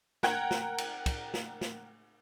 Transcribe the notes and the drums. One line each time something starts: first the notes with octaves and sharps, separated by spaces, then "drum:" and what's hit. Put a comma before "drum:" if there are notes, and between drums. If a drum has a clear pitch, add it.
A#4 F#5 G5 A#5 G#6, drum: snare
drum: snare
drum: cymbal
drum: kick, cymbal
drum: snare
drum: snare